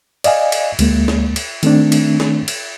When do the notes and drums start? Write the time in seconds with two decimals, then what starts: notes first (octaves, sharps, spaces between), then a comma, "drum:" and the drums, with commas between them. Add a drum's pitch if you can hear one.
0.24 D5 D#5 F5 G#5, drum: cymbal
0.52 drum: cymbal
0.79 D2 G#3 A#3, drum: cymbal
1.08 drum: snare
1.36 drum: cymbal
1.63 D#3 A3 C4 D4, drum: cymbal
1.92 drum: cymbal
2.20 drum: snare
2.48 drum: cymbal